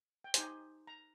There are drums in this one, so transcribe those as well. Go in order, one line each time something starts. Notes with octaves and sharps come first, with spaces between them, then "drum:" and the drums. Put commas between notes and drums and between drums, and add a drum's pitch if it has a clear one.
G5
D#4 G4 C5 G#5, drum: hi-hat
A#5